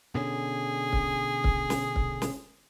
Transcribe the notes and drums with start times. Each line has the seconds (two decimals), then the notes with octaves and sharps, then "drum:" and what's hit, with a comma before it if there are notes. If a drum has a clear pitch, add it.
0.15 B2 D3 C#4 G#4
0.93 drum: kick C#1
1.44 drum: kick C#1
1.70 drum: snare
1.96 drum: kick C#1
2.22 drum: snare